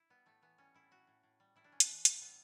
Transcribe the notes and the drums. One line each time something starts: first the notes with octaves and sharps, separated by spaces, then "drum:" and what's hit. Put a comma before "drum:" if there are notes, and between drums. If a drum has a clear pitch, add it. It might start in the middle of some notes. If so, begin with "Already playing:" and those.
Already playing: E4
G3 B3
A2 A3
E3 B3
G3 C#4
A2 E4
A2 F#4
A2
A2
G3
A2 E4
D4
A2 C#4
D4, drum: hi-hat
E3
A2, drum: hi-hat
G3 B3